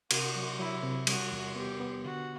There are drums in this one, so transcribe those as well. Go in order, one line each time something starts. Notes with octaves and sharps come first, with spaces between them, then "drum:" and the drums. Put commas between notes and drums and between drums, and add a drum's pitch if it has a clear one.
C3 F#4, drum: cymbal
F#3
F#3 E4
C3
G3 F#4, drum: cymbal
E2
B3 G4
B3
D3 F#4